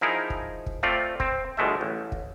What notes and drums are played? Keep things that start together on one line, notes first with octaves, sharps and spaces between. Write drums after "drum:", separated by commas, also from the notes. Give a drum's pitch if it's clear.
F3 D#4 E4 G#4 A#4
drum: kick
drum: kick
A3 C4 F4 D5
C4, drum: kick
G1 B2 G#3 A3 E5
A1
drum: kick